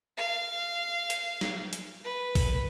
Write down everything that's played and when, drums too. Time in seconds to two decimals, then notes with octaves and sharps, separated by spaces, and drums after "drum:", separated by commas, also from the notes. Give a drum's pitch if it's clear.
0.17 F5
1.10 drum: hi-hat
1.41 drum: snare
1.73 drum: hi-hat
2.04 B4
2.35 drum: kick A#1, open hi-hat